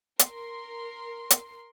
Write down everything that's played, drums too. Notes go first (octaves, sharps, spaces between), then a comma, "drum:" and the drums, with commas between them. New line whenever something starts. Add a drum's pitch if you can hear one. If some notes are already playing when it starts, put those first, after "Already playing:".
A#4 C6, drum: hi-hat
drum: hi-hat